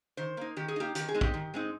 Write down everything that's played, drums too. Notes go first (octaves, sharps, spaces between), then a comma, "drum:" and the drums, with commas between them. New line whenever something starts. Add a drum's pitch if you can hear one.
D#3 C5
A#3 D#4
D#3 G4
G#4
A#3 D#4 G4
D#3 G4, drum: hi-hat
G#4
G#3 C4 D#4
G4, drum: kick
D#3
G#3 C4 D#4